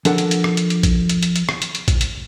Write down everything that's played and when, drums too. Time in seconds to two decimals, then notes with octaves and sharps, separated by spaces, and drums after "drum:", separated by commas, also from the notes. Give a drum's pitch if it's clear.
0.05 F3 D4 A4 A#4 F#5, drum: hi-hat
0.18 drum: hi-hat
0.31 drum: hi-hat
0.44 drum: rim click
0.57 drum: hi-hat
0.70 drum: hi-hat
0.83 drum: kick A1, hi-hat
1.09 drum: hi-hat
1.23 drum: hi-hat
1.36 drum: hi-hat
1.49 drum: rim click
1.62 drum: hi-hat
1.75 drum: hi-hat
1.88 drum: kick A1, hi-hat
2.01 drum: hi-hat